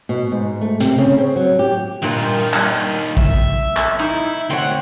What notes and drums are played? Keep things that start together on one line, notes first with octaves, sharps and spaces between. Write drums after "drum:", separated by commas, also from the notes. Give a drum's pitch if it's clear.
B2
G#2
A3
C3, drum: hi-hat
C#3
C4
F#3
G4
G2 A#2 D#3 F4
drum: clap
E5, drum: kick A#1
drum: clap
D#4 E4 E5
D2 C4 C#5 F#5